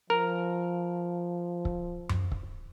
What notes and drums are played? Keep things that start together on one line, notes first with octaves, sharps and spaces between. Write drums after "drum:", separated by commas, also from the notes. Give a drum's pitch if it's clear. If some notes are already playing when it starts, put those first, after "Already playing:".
F3 A#4
drum: kick C#1
drum: tom F#2
drum: kick C#1